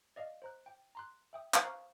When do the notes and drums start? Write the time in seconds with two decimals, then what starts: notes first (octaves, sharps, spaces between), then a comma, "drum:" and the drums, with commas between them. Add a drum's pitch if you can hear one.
0.16 D5 D#5 F5
0.42 C5 A#5 F#6
0.66 G5
0.95 A#5 C6 F#6
1.33 E5 G5 D#6
1.54 drum: clap
1.63 C5 F5 A#5 C#6 F6 G#6